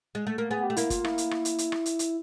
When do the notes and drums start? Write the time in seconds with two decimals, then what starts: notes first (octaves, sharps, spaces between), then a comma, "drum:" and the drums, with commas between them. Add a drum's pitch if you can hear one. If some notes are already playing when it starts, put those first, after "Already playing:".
0.15 G#3
0.27 A3
0.38 A#3
0.50 B3 G#4
0.64 G4
0.70 A3
0.77 A#3 E4, drum: hi-hat
0.90 F4, drum: kick, hi-hat
1.05 E4, drum: rim click
1.18 drum: hi-hat
1.31 drum: rim click
1.45 drum: hi-hat
1.58 drum: hi-hat
1.72 drum: rim click
1.86 drum: hi-hat
1.99 drum: hi-hat